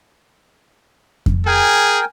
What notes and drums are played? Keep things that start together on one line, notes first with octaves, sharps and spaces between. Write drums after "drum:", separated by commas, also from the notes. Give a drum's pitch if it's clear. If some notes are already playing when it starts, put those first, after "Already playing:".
drum: kick F2
G#4 A#4 G5 G#5